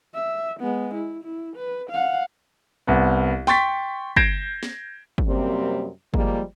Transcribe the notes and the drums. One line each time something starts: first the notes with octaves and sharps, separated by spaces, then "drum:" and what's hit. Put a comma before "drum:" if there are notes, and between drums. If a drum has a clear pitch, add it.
E5
G#3 B3
E4
E4
B4
F5 F#5
C2 B3
G5 C6 C#6 A6 B6, drum: snare
G6 G#6 A#6 C7 D7 E7, drum: kick
drum: snare
drum: kick
F#2 C3 G3 A#3 C4
F3 G3 G#3 A#3, drum: kick